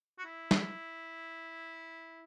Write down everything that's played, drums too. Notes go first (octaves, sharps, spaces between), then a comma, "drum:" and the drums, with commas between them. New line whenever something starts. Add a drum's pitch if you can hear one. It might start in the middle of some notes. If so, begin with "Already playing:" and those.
F#4
E4
drum: snare